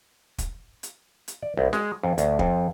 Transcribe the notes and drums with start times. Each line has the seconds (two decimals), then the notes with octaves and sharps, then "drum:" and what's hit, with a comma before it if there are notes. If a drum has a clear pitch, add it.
0.38 drum: kick, hi-hat
0.83 drum: hi-hat
1.28 drum: hi-hat
1.42 D5
1.57 C2
1.73 G#3, drum: snare
2.03 F2
2.18 D2, drum: hi-hat
2.39 F2, drum: kick